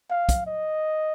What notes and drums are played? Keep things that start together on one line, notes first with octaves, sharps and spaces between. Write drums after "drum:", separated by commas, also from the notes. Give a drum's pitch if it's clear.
F5
drum: kick, hi-hat
D#5